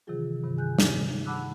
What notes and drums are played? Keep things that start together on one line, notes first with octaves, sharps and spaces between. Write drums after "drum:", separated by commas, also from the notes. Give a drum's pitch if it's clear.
C3 D#3 E3 F#3 F4 G#4
G2 C3 D#3
G#4 G#5 F#6 G6
D#4, drum: snare
F#5 A5 B5 D6 E6 F#6